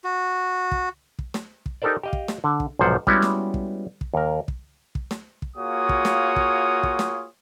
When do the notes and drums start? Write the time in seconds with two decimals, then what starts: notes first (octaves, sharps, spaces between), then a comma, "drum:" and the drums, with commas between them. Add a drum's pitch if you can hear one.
0.04 F#4
0.72 drum: kick
1.19 drum: kick
1.34 drum: snare
1.66 drum: kick
1.82 D#4 G4 A4 A#4 C5 D5
2.03 G4 D#5 F5
2.13 drum: kick
2.28 drum: snare
2.44 D3
2.60 drum: kick
2.79 B1 G#2 C3 F3 C5 F#5
3.07 G3 G#3 B3 C#4 E4 F#4, drum: kick
3.23 drum: snare
3.54 drum: kick
4.01 drum: kick
4.14 D#2 A#4
4.48 drum: kick
4.95 drum: kick
5.11 drum: snare
5.42 drum: kick
5.57 A#3 F4 F#4 G#4 C#5 D#6
5.89 drum: kick
6.05 drum: snare
6.36 drum: kick
6.83 drum: kick
6.99 drum: snare